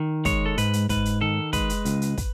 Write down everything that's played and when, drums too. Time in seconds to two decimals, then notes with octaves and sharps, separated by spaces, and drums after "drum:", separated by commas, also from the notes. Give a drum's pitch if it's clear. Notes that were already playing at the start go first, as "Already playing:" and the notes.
Already playing: D#3
0.25 G#3 C#5, drum: kick, hi-hat
0.46 A4
0.58 G#2 B4, drum: hi-hat
0.73 drum: hi-hat
0.89 G#2 B4, drum: kick, hi-hat
1.05 drum: hi-hat
1.21 D#3 A4
1.53 G#3 B4, drum: kick, hi-hat
1.70 drum: hi-hat
1.85 C#2, drum: hi-hat
2.02 drum: hi-hat
2.18 drum: kick, hi-hat